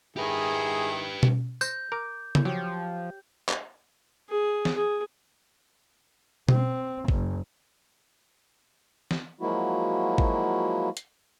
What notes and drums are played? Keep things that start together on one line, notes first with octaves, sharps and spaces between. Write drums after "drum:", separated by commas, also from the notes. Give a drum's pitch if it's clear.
D#3 E4 G4 G#4 B4
drum: tom B2
C5 G6 A#6, drum: tambourine
A#4 D6
drum: tom C#3
F3 F#3 G4 C#5
drum: clap
G#4
drum: snare
G#4
C4, drum: tom B2
F#1, drum: kick G#1
drum: snare
F3 F#3 G#3 A#3 E4 F#4
drum: kick G#1
drum: hi-hat